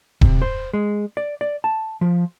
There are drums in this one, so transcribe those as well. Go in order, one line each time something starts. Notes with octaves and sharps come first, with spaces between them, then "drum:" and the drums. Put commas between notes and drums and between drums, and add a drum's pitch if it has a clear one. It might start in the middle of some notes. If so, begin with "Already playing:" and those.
C3, drum: kick D#1
C5
G#3
D5
D5
A5
F3